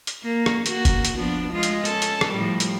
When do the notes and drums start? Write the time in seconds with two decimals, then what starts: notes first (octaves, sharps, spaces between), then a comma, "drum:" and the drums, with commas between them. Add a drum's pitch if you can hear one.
0.07 drum: hi-hat
0.23 A#3
0.46 drum: rim click
0.66 A#3 F#4, drum: hi-hat
0.85 drum: kick, hi-hat
1.05 drum: hi-hat
1.16 F3 B3 D4
1.53 G#3 F4
1.63 drum: hi-hat
1.85 C#4 A4, drum: hi-hat
2.02 drum: hi-hat
2.21 drum: rim click
2.33 A2 F3 G3
2.60 drum: hi-hat